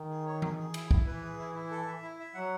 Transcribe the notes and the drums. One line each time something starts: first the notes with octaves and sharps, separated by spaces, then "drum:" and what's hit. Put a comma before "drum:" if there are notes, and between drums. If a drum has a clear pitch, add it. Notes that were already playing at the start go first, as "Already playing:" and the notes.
Already playing: D#3
G#4
C#5
G#4, drum: tom E3
G#4
E4, drum: cymbal
E4, drum: kick
E3 B4
G#4
E4
E4
A4
E5
E4
E5
F#3 F#5